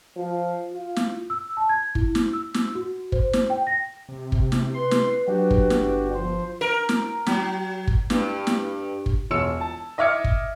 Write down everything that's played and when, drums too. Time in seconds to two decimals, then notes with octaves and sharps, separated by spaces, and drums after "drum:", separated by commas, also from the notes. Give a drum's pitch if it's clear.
0.16 F3
0.73 F4
0.96 drum: snare
1.30 E6
1.57 A5
1.69 G#6
1.95 E4, drum: kick
2.15 drum: snare
2.33 E6
2.54 drum: snare
2.75 F#4
3.12 C5, drum: kick
3.33 drum: snare
3.50 G5
3.67 A#6
4.09 C3
4.32 drum: kick
4.52 drum: snare
4.74 B4 C6
4.91 drum: snare
5.28 F#3 D4 F#4 G4
5.51 drum: kick
5.70 drum: snare
5.81 G1
6.15 F3 C5
6.61 A#4
6.89 drum: snare
7.26 F#3, drum: snare
7.87 drum: kick
8.10 G2, drum: snare
8.47 drum: snare
9.06 drum: kick
9.31 E1 F4 C#5 E6 C#7 E7
9.61 A5
9.98 D#5 E5 D6 F6 G#6 C#7
10.24 drum: kick